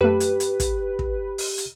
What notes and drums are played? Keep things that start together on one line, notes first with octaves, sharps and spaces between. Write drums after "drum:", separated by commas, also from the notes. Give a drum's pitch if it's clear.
F#2 A3 G4 B4
drum: hi-hat
drum: hi-hat
drum: kick, hi-hat
drum: kick
drum: open hi-hat
drum: hi-hat